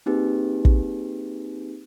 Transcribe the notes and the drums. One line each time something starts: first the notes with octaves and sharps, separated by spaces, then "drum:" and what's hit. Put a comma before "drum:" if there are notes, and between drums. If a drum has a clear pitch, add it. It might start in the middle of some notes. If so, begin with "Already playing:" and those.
A#3 C4 D#4 G4 G#4 B4
drum: kick